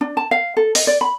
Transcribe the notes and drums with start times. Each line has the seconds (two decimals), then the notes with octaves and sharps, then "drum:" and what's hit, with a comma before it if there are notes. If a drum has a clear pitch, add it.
0.01 D4
0.17 A5
0.31 F5
0.57 A4
0.75 D#5, drum: open hi-hat
0.87 D5
1.01 B5